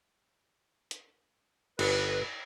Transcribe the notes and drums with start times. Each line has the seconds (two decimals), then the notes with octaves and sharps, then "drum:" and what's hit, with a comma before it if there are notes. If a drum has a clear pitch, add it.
0.91 drum: hi-hat
1.79 G1 B4 F#5, drum: cymbal